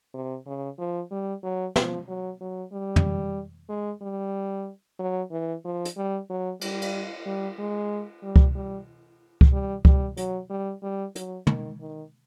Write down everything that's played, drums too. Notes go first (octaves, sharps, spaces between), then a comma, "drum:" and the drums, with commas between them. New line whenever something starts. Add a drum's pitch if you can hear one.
C3
C#3
F3
G3
F#3
F3, drum: snare
F#3
F#3
G3
drum: tom
G#3
G3
F#3
E3
F3
drum: hi-hat
G3
F#3
G3, drum: cymbal
drum: cymbal
G3
G#3
G3
drum: kick C#2
G3
drum: kick C#2
G3
G3, drum: kick C#2
F#3, drum: hi-hat
G3
G3
F#3, drum: hi-hat
D#3, drum: tom
D#3